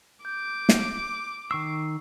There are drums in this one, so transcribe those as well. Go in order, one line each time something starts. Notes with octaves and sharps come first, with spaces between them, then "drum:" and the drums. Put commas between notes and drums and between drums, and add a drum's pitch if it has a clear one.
D6 G6
drum: snare
D#3 C#6 E6 C7